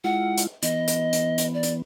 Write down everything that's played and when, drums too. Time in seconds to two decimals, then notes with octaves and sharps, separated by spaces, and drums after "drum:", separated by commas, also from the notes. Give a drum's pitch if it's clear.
0.04 G#3 E4 F4 F#5
0.38 drum: hi-hat
0.63 E3 B3 D#5, drum: hi-hat
0.88 drum: hi-hat
1.13 drum: hi-hat
1.38 drum: hi-hat
1.54 D5
1.63 drum: hi-hat